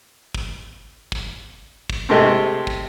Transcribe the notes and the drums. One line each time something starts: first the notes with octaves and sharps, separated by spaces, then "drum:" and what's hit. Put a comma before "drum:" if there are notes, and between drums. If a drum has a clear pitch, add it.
drum: kick
drum: kick
drum: kick
C3 G#3 A3 C4
drum: kick